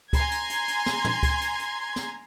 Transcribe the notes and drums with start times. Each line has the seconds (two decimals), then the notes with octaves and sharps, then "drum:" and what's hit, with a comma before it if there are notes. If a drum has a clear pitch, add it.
0.13 G#5 A#5 C6 G#6, drum: kick C#2, hi-hat
0.31 drum: hi-hat
0.50 drum: hi-hat
0.68 drum: hi-hat
0.86 drum: snare
1.05 drum: tom
1.23 drum: kick C#2, hi-hat
1.41 drum: hi-hat
1.59 drum: hi-hat
1.96 drum: snare